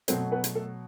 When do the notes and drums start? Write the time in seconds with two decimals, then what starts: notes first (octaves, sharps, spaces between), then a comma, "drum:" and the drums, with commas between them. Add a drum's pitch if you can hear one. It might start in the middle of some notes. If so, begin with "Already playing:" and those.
0.08 B2 F#3 A3 C4 C5, drum: hi-hat
0.31 B3 B4
0.44 drum: hi-hat
0.55 A3 A4